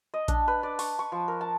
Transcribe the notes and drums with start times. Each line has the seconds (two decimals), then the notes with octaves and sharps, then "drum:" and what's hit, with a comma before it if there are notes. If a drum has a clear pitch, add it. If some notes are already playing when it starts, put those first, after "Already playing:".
0.14 D#5
0.28 D4, drum: kick A#1, hi-hat
0.48 B4
0.63 D5
0.79 C#6, drum: open hi-hat
0.99 C#6
1.12 F3
1.28 A#4
1.41 A5